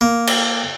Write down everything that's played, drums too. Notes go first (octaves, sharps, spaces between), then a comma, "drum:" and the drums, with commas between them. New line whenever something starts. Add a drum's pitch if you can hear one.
A#3
drum: cymbal